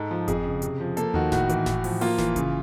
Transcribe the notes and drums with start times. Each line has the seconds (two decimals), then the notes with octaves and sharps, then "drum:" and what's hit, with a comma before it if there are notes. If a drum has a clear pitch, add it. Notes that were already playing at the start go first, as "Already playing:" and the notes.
Already playing: G#2 A4
0.11 F3
0.28 F2 G#4, drum: kick F#1, hi-hat
0.45 C#3
0.62 C3, drum: hi-hat
0.80 F3
0.97 A#3 A4, drum: hi-hat
1.14 D#3 F#4, drum: tom D#2
1.32 A2 F#4, drum: snare F1
1.49 E3, drum: hi-hat
1.66 A2, drum: snare F1
1.84 F3, drum: open hi-hat
2.01 A#3 F4, drum: open hi-hat
2.18 E3, drum: snare F1
2.36 C#3, drum: kick F#1, hi-hat